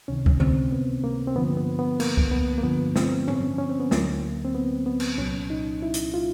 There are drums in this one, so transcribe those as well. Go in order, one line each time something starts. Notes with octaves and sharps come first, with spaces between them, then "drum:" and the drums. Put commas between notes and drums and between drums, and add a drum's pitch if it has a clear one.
C#2 C3 D#3 C#4
drum: kick C#2
C4, drum: tom D3
B3
A#3
C4
G2 D3 F3 B3
B3
B3
A#3, drum: cymbal
drum: kick C#2
B3
A#3
G2 D3 F3 B3
C4, drum: snare
C#4, drum: tom
C#4
C4
B3
D2 D3 F#3 A#3, drum: snare
C4
B3
B3
drum: cymbal
C2 A#2 F#3 C#4
D#4
E4
drum: hi-hat
F4